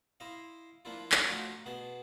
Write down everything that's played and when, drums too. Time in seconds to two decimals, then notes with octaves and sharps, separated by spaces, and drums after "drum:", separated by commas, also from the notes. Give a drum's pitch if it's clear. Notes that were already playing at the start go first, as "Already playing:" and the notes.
0.20 E4 C5 D#5 F5
0.85 F3 A#3 D4 E4 F4
1.12 drum: clap
1.29 A3 D4 D#4 F4 F#4
1.66 B2 B3 G#4 A5